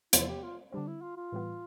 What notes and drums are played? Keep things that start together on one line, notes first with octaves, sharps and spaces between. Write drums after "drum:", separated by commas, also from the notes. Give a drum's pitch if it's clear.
E2 C3 F3 B3 E4, drum: hi-hat
G4
F4
D3 G3 C4 D4
E4
F4
F4
A2 E3 G3 B3